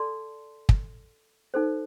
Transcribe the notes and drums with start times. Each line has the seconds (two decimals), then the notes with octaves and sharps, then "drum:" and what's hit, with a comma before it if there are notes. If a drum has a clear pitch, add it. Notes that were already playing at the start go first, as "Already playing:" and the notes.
Already playing: A4 D5 A5 C6
0.69 drum: kick
1.54 D#4 A4 C5